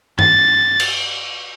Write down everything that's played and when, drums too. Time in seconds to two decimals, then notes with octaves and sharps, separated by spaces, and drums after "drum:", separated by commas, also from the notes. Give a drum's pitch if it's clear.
0.19 A6, drum: tom G2
0.80 drum: cymbal